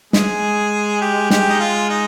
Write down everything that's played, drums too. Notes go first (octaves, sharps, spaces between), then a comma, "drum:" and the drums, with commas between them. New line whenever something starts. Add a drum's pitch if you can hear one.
G#3 G#4, drum: snare
G4
G4, drum: snare
D#4
F4
D#4